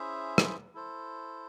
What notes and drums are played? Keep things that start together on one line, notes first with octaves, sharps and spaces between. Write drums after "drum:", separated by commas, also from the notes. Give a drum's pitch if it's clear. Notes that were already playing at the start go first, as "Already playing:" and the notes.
Already playing: C#4 E4 G#4 C5 E5
drum: rim click
E4 A4 C5